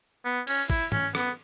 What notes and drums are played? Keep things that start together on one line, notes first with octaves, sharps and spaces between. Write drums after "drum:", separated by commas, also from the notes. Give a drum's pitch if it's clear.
B3
C#4, drum: cymbal
E4, drum: kick
C#4, drum: tom G#2
B3, drum: rim click